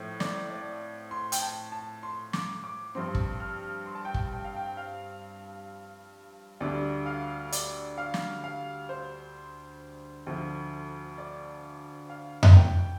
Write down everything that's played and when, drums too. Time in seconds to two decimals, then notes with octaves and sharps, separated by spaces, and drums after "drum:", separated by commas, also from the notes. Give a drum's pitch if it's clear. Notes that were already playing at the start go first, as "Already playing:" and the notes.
Already playing: A2 F3 C4
0.20 D5, drum: snare
0.50 D5
1.11 C6
1.32 G5, drum: hi-hat
1.42 A5
1.72 A5
2.03 C6
2.33 D6, drum: snare
2.64 D6
2.95 G2 F3 C4 C6
3.15 drum: kick
3.40 F6
3.86 C6
3.95 A5
4.05 G5
4.14 A5, drum: kick
4.32 G5
4.45 F5
4.56 G5
4.77 F5
6.60 D2 D3 G3 D4 D5
7.06 F5
7.52 D5, drum: hi-hat
7.98 F5
8.14 drum: snare
8.44 F5
8.89 C5
10.27 D2 D3 F3
11.18 D5
12.10 F5
12.43 drum: tom F2
12.55 G5